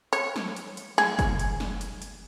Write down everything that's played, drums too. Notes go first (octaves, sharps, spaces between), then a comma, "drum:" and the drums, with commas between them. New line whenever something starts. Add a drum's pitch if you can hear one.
C#5, drum: hi-hat
drum: snare
drum: hi-hat
drum: hi-hat
G#4, drum: snare
drum: kick, hi-hat
drum: hi-hat
drum: snare
drum: hi-hat
drum: hi-hat